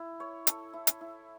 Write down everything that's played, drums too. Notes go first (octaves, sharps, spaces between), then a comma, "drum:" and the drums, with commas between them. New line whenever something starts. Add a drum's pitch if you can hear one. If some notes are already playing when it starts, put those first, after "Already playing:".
Already playing: E4
C#5
A4, drum: hi-hat
E4
drum: hi-hat
E4